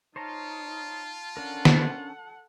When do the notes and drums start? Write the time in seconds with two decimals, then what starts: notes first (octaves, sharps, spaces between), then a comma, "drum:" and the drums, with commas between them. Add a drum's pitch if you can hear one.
0.16 D#4 F4 C5 C#5 A5 A#5
1.37 C#4 D4 A4 A#4 F#5
1.65 drum: snare